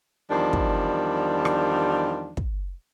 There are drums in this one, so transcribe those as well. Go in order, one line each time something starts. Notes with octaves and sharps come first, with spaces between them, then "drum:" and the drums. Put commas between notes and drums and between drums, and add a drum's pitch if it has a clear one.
E2 D#3 F3 G3 D4
drum: kick
drum: rim click
drum: kick